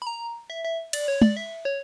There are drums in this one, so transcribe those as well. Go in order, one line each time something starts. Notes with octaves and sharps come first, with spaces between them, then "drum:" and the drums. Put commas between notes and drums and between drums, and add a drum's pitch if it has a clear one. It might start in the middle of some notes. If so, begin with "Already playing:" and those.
B5
A#5
E5
E5
D5, drum: cymbal
C#5
D5, drum: tom
E5
C#5